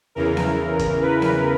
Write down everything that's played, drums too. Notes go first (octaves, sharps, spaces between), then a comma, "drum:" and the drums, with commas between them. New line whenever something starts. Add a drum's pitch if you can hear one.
E2 C#3 E3 A#4
drum: snare B3
drum: kick, hi-hat
B4
drum: snare B3